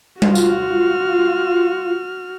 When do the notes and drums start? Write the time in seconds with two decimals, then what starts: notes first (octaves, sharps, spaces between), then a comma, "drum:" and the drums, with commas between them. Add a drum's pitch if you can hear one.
0.22 F4 F#4 F6, drum: tom G3
0.35 drum: tambourine